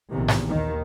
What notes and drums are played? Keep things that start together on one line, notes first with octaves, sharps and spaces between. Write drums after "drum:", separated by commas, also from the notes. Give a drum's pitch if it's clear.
A#1 E2 C3 D#3
drum: snare G#2
D#2 D#3